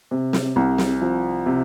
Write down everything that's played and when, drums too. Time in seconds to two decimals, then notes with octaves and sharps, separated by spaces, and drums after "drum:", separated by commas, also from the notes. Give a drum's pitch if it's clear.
0.11 C3
0.33 drum: snare
0.56 C2
0.78 drum: snare
1.01 F3
1.46 C3